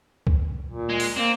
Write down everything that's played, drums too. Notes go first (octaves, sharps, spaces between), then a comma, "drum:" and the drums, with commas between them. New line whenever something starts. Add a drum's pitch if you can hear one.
drum: kick
A#2
G#3
drum: open hi-hat
A#3 C4